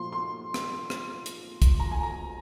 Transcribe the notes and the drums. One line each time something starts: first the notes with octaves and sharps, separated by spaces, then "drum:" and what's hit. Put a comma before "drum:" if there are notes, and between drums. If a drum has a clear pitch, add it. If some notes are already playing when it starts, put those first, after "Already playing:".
Already playing: A#2 F3 C6
C6
drum: rim click
drum: rim click
drum: hi-hat
drum: kick, hi-hat
A#5
G#5
A#5